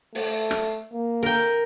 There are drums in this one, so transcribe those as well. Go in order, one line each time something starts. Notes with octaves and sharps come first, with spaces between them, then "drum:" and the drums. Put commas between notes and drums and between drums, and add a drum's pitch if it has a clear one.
A3, drum: open hi-hat
drum: rim click
A#3
A#4 G5